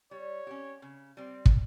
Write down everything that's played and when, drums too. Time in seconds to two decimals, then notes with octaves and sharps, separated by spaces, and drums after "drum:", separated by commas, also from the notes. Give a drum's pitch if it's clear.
0.11 G3 C#5
0.47 C#4 G4
0.82 C#3
1.17 G3 C4
1.46 drum: kick